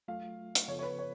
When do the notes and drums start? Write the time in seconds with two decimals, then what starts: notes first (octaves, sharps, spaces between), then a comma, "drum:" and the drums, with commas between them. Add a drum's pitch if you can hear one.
0.08 F#3 A3 F4 F5
0.55 drum: hi-hat
0.68 C#3 F3 B3 F4 A4 C#5
0.79 C#5
0.82 B4
0.99 C#5